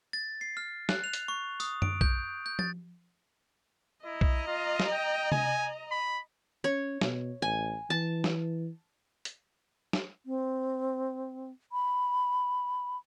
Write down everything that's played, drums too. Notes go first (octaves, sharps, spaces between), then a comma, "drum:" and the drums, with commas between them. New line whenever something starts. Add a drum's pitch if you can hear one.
A6
C7
F6
F#6, drum: snare
F7
drum: hi-hat
C#6
D#6, drum: tambourine
D7, drum: tom F#2
G6, drum: kick B1
G6
A6, drum: tom F3
E4 D#5 A#5
drum: kick B1
F4
drum: snare
G5
G#5, drum: tom C3
B5
C#4 C#5
B2, drum: snare
A1 G#5
E3 A5
drum: snare
drum: hi-hat
drum: snare
C4
B5